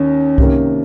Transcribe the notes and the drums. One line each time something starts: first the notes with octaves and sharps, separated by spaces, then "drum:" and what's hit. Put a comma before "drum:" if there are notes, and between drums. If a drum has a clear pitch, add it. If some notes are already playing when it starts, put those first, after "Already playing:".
Already playing: D#2 C#4
C3 D#3 A#3, drum: kick C2